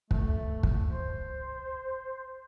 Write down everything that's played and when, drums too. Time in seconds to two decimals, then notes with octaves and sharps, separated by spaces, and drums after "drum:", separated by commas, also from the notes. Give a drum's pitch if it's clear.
0.11 C#2 A3, drum: kick
0.63 drum: kick
0.92 C5